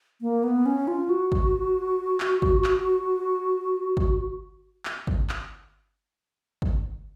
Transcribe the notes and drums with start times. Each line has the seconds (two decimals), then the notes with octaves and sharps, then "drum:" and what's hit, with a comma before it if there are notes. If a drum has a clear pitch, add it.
0.21 A#3
0.44 B3
0.66 C#4
0.88 F4
1.09 F#4
1.32 drum: kick
2.20 drum: clap
2.42 drum: kick
2.64 drum: clap
3.97 drum: kick
4.85 drum: clap
5.07 drum: kick
5.29 drum: clap
6.62 drum: kick